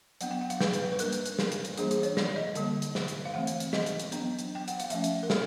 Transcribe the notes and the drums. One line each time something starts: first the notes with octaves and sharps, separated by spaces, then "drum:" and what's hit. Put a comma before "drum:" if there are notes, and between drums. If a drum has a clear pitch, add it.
F#3 B3 D4 F#5, drum: hi-hat
G5
F#5
F5, drum: hi-hat
B4, drum: snare
drum: hi-hat
B4
G3 A#3 D4 A#4, drum: hi-hat
drum: hi-hat
drum: hi-hat
drum: snare
drum: hi-hat
drum: hi-hat
E3 G3 A#3 D4 G#4, drum: hi-hat
G#4, drum: hi-hat
C#5, drum: hi-hat
D5, drum: snare
D#5
D3 G3 A#3, drum: hi-hat
drum: hi-hat
drum: snare
drum: hi-hat
F5
E3 A3 C4 F#5
drum: hi-hat
drum: hi-hat
D#5, drum: snare
drum: hi-hat
drum: hi-hat
F#3 B3 D4, drum: hi-hat
drum: hi-hat
G5
F#5, drum: hi-hat
F5, drum: hi-hat
F3 A3 C#4 E5, drum: hi-hat
drum: hi-hat
A#4
A4, drum: snare